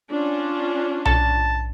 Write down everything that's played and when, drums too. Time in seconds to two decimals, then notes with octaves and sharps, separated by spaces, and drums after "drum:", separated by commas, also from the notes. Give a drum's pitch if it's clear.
0.11 C#4 D4 F4
1.05 A5, drum: tom B1